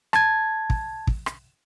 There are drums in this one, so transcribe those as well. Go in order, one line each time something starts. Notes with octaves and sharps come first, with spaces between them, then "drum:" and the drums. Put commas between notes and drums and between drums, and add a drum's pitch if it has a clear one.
A5 G#6, drum: rim click
drum: kick
drum: kick
drum: rim click